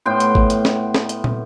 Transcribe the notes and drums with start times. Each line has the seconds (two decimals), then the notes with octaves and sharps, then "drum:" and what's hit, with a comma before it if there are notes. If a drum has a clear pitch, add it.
0.06 A2 B3 G5 C6
0.20 drum: hi-hat
0.35 drum: kick G#1
0.50 drum: hi-hat
0.65 drum: snare
0.94 drum: snare
1.09 drum: hi-hat
1.24 drum: tom